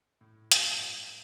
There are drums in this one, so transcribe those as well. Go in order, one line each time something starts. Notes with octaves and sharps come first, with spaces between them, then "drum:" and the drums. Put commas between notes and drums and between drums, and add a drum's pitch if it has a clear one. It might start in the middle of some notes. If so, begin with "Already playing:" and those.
A2
G2 B2 F3 B3, drum: hi-hat
A2